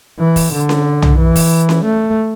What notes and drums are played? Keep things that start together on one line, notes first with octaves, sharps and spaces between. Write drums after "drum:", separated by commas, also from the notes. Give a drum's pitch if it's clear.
E3
drum: kick, open hi-hat
D3
drum: snare C#4
drum: tom
E3
drum: kick, open hi-hat
drum: snare C#4
A3